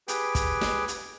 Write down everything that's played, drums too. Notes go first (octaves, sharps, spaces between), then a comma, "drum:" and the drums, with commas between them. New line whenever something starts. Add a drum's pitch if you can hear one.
G4 G#4 B4 G5, drum: hi-hat
drum: kick, hi-hat
drum: snare
drum: hi-hat